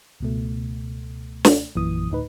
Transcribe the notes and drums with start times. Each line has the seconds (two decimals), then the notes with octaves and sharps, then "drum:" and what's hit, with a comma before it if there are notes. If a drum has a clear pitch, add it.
0.20 C#2 B2 A3
1.45 drum: snare
1.75 A#1 F#2 A#2 E3 D#6
2.10 D2 A2 D#4 B4